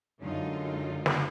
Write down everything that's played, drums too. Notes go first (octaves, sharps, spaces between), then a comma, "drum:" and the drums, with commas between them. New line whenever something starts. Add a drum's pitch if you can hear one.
F#2 D3 F#3 G#3 D#4 F4
drum: snare